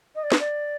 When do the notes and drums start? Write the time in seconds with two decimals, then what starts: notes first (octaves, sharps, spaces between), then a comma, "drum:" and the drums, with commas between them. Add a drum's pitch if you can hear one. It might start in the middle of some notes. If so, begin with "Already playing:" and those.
0.15 D#5
0.24 D5
0.32 B4, drum: snare
0.40 D5